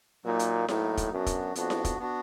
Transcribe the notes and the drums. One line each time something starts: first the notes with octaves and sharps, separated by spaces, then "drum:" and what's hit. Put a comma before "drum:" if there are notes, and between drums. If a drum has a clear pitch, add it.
A#2 F#3 A#3 D#4
drum: hi-hat
A2 F#3 A#3 D#4, drum: snare E4
drum: kick, hi-hat
F#2 B3 D4 F#4
drum: kick, hi-hat
F2 B3 D4 F#4, drum: hi-hat
drum: snare E4
drum: kick, hi-hat
B3 D4 F#4